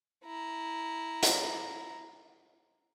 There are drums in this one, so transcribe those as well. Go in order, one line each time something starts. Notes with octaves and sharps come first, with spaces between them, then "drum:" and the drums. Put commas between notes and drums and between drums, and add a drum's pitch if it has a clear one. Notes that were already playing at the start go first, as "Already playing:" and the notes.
E4 A#5
drum: hi-hat